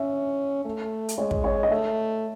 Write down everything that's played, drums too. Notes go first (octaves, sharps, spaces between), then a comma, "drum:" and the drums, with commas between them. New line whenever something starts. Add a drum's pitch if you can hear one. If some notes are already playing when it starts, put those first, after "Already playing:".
Already playing: C#4 E5
A3
drum: hi-hat
G#3 C#5
drum: kick
C#5
D#5
A3 E5